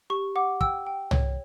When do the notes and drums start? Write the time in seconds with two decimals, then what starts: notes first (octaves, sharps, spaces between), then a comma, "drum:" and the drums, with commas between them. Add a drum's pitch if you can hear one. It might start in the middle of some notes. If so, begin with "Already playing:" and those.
0.10 G4 C#6
0.36 F#5 D6
0.61 G5 E6, drum: kick
0.87 G5
1.11 C#5, drum: tom C2